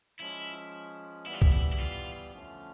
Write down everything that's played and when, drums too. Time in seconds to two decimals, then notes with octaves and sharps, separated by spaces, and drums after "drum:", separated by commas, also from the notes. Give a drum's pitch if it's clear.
0.20 F3 G#3 C#4 E4
1.25 E3 G3 B3 E4
1.34 F4
1.42 E4, drum: kick
1.53 E4
1.73 E4
1.79 F4
2.33 D3 F3 A3 C#4